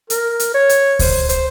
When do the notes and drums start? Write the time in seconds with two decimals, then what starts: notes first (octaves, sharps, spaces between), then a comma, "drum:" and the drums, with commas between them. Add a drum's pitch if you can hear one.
0.10 A#4, drum: hi-hat
0.40 drum: hi-hat
0.54 C#5
0.69 drum: hi-hat
0.99 C5, drum: kick D2, open hi-hat
1.29 C5, drum: hi-hat